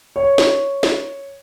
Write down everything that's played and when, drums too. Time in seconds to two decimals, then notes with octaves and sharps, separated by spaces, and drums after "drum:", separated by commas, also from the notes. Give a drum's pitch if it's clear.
0.16 C#5
0.38 drum: snare
0.83 drum: snare